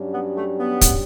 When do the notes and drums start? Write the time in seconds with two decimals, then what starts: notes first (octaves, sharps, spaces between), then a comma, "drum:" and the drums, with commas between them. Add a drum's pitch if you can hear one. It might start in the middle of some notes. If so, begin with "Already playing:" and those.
Already playing: G2 F#3 C#4 G4
0.13 B3
0.36 A3
0.59 B3
0.81 drum: kick, hi-hat